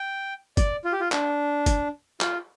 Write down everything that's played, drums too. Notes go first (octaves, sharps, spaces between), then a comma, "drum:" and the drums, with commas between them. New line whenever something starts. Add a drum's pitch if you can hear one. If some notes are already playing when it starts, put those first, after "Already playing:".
Already playing: G5
D5, drum: kick, hi-hat
F4
G4
F4
D4, drum: clap
drum: kick, hi-hat
F4, drum: clap